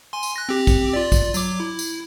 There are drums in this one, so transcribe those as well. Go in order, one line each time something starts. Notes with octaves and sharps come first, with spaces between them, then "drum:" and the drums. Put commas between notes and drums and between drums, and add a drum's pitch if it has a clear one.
G#5 C6
drum: tambourine
F#6 A#6
C4 G4
drum: kick, tambourine
F4 D5
drum: kick, tambourine
F#3 D6, drum: tambourine
E4
drum: tambourine